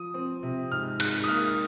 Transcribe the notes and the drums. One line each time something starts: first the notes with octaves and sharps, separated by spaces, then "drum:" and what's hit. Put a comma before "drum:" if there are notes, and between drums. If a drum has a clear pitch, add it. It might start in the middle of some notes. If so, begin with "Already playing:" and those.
Already playing: F3 D#6
C4
C3
G#2 F6
G#2 F#6, drum: cymbal
D#6
A#3 F6